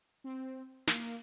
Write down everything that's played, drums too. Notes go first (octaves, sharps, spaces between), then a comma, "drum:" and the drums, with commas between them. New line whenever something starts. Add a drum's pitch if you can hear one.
C4
A#3, drum: snare